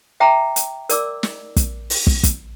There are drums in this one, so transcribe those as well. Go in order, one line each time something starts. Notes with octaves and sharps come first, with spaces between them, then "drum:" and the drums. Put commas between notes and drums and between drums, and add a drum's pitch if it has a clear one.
E5 G5 A#5 D6
drum: hi-hat
A#4 D5 D6 E6, drum: hi-hat
drum: snare
drum: kick, hi-hat
drum: open hi-hat
drum: kick
drum: kick, hi-hat